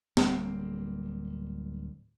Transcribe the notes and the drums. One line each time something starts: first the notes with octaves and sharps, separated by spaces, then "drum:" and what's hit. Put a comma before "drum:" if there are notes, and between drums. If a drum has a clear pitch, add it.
D1 G3 A#3 C4, drum: snare